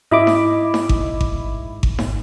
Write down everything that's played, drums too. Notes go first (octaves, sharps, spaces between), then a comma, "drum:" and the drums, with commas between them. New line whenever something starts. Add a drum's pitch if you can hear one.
G#2 E4 D#5 E5 B5 D6
drum: snare D#4
drum: snare D#4
drum: kick G#1
drum: kick G#1
drum: kick G#1
drum: snare D#4